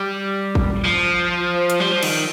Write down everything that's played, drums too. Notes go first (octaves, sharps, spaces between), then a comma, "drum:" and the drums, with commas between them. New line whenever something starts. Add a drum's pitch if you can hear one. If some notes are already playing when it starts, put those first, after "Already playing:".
Already playing: G3
drum: kick
F3
drum: hi-hat
G3
F3
D#3, drum: cymbal